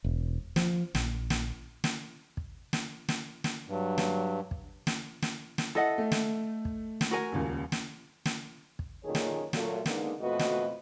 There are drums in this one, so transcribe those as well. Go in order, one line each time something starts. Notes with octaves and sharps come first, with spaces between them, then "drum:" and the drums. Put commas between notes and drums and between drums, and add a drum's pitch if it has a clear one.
E1
F3, drum: snare
A#1, drum: snare
drum: snare
drum: snare
drum: kick
drum: snare
drum: snare
drum: snare
G2 F#3
drum: snare
drum: kick
drum: snare
drum: snare
drum: snare
E4 A4 D#5 F#5
A3
drum: snare
drum: kick
drum: snare
F#4 A#4 G#5
D#1 C#2
drum: snare
drum: snare
drum: kick
F#2 A#2 D#3 G#4 A4 C#5
drum: snare
A#2 F#3 A3, drum: snare
D3 G#3 A#3 B3 D#4, drum: snare
F2 B2 A3 F#4 B4 D#5
drum: snare